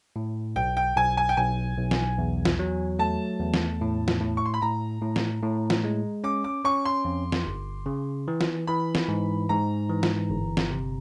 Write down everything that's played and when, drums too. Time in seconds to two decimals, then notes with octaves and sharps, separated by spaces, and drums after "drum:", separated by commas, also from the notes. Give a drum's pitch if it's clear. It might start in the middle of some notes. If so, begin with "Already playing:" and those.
0.16 A2
0.56 B1 G5
0.77 G5
0.96 B1 G#5
1.17 G#5
1.29 G5
1.37 B1 G#5
1.77 B1
1.91 drum: snare
2.18 E2
2.45 drum: snare
2.59 F#3
2.99 A3 A5
3.40 E2
3.54 drum: snare
3.81 A2
4.08 drum: snare
4.21 A2
4.37 C#6
4.46 C6
4.54 B5
4.62 A2 A#5
5.02 A2
5.16 drum: snare
5.43 A2
5.70 drum: snare
5.84 G#3
6.24 C#4 D6
6.44 D6
6.65 C#4 C#6
6.85 C6
7.05 F2
7.32 drum: snare
7.46 G1
7.86 C#3
8.28 E3
8.41 drum: snare
8.67 E3 B5
8.95 drum: snare
9.08 G#2
9.49 G#2 A#5
9.90 E3
10.03 drum: snare
10.30 G1
10.57 drum: snare
10.70 C3